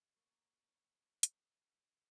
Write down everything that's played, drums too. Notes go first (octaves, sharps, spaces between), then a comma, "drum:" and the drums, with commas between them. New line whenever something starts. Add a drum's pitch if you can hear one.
A2 A#3 A#5 C#6
drum: hi-hat